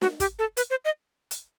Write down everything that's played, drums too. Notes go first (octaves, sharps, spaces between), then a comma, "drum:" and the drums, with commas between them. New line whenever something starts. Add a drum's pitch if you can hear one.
F#4, drum: snare
G4, drum: kick, hi-hat
A4
B4, drum: hi-hat
C5
D#5
drum: hi-hat